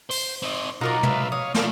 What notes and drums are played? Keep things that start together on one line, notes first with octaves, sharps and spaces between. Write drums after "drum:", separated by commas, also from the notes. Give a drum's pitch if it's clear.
C5, drum: open hi-hat
C4 D#4
B1 D#4 F4 F#4 A#4 D5
B4 E5 F5, drum: tom
C#5 F5 D#6
F3 A3 D5 F5, drum: snare